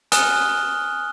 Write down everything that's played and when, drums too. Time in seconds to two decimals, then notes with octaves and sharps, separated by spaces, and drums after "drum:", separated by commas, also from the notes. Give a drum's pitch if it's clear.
0.12 G#5 D#6 F6 F#6 G7, drum: hi-hat